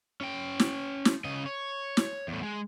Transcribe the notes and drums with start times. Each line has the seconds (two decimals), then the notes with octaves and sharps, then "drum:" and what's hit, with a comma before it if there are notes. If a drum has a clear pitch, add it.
0.21 C#4 G5
0.60 drum: snare
1.05 drum: snare
1.25 C#3 D#5
1.46 C#5
1.97 drum: snare
2.28 E2 A2
2.43 G#3